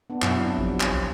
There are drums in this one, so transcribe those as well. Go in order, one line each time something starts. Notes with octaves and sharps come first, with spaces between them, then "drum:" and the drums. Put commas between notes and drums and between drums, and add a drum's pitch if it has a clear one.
B3 D4
F#2 B2 F#3 E4, drum: clap
C3 F#3 D4
A1 F3
drum: clap
B1